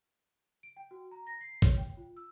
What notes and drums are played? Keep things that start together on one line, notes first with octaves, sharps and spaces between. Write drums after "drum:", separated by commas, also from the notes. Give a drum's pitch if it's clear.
D7
G5
F#4
A#5
A#6
C7
C#5, drum: kick
G5
F4
E6